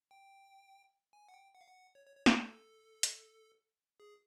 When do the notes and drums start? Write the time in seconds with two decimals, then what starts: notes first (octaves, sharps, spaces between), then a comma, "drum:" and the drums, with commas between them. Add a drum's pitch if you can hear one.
0.11 G5
1.13 G#5
1.28 F#5
1.34 G5
1.54 F#5
1.61 F5
1.68 F#5
1.95 C#5
2.06 C#5
2.16 C#5
2.26 G#4, drum: snare
2.36 A4
3.03 drum: hi-hat
4.00 G#4